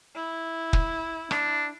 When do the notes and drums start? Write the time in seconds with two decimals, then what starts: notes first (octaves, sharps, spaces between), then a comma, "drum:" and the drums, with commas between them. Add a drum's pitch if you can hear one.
0.15 E4
0.73 drum: kick
1.31 D4, drum: rim click